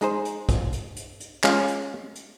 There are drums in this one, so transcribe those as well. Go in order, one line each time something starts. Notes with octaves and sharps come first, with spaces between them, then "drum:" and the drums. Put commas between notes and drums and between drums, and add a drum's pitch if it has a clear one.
G#3 D#4 G#4 C5, drum: hi-hat
drum: hi-hat
drum: kick, hi-hat
drum: hi-hat
drum: hi-hat
drum: hi-hat
G#3 C#4 F4, drum: clap
drum: hi-hat
drum: hi-hat